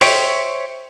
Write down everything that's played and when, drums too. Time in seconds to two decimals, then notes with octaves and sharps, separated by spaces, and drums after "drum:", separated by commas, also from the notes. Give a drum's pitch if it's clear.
0.01 C5 C#5 E5 G5 C#6, drum: open hi-hat